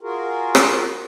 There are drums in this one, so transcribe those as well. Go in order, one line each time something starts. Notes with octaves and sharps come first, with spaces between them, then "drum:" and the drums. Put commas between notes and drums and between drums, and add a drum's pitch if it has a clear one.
F4 F#4 G#4 A#4
drum: rim click